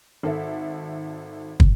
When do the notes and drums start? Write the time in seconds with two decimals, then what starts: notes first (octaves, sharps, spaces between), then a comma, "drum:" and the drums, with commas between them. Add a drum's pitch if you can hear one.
0.23 G#1 A4 E5
1.60 drum: kick